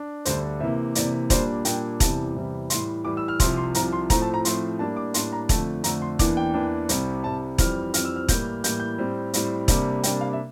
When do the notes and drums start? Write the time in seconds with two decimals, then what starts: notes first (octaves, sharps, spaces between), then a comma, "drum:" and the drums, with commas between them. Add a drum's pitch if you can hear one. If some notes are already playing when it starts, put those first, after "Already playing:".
Already playing: D4
0.25 D2 D3 G3 D4 C5, drum: hi-hat
0.60 C3 E3 A#3 E5
0.95 C3 E3 A#3 D5, drum: hi-hat
1.30 A#2 G3 A#3 D4 C5, drum: kick E1, hi-hat
1.65 A#2 G3 A#3 D4 G5, drum: hi-hat
2.00 E2 C3 E3 G3 A5, drum: kick E1, hi-hat
2.35 E2 C3 E3 G3
2.70 A2 E3 G3 C6, drum: hi-hat
3.05 A2 E3 G3 D6
3.17 E6
3.28 F6
3.40 C2 C3 F3 C6, drum: kick E1, hi-hat
3.57 C6
3.74 C2 C3 F3 A#5, drum: hi-hat
3.93 C6
4.10 A2 F3 A3 C4 A#5, drum: kick E1, hi-hat
4.22 A5
4.34 A#5
4.45 A2 F3 A3 C4 C6, drum: hi-hat
4.79 A2 G3 A#3 D4 A5
4.96 D6
5.14 A2 G3 A#3 D4 C6, drum: hi-hat
5.32 A#5
5.49 F2 D3 A3 A5, drum: kick E1, hi-hat
5.84 F2 D3 A3 A#5, drum: hi-hat
6.02 C6
6.19 E2 E3 A#3 D4 D6, drum: kick E1, hi-hat
6.37 G5
6.54 E2 E3 A#3 D4
6.89 C2 C3 G3, drum: hi-hat
7.24 C2 C3 G3 A5
7.58 F2 E3 G3 C4 F6, drum: kick E1, hi-hat
7.94 F2 E3 G3 C4 F6, drum: hi-hat
8.05 E6
8.16 F6
8.28 A2 E3 G3 A#3 G6, drum: kick E1, hi-hat
8.64 A2 E3 G3 A#3 G6, drum: hi-hat
8.80 G6
8.98 A2 G3 C4
9.34 A2 G3 C4, drum: hi-hat
9.68 C3 G3 A#3 D4, drum: kick E1, hi-hat
10.03 C3 G3 A#3 D4 G5, drum: hi-hat
10.21 F5
10.33 E5